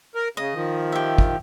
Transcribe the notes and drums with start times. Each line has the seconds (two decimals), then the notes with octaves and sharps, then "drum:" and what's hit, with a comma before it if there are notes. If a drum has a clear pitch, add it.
0.15 A#4
0.37 C#3 D#5
0.54 D#3 F3
0.92 G4 E5
1.18 drum: kick